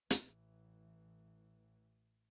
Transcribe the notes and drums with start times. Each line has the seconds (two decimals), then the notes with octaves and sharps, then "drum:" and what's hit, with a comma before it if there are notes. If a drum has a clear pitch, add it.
0.10 A1 E3, drum: hi-hat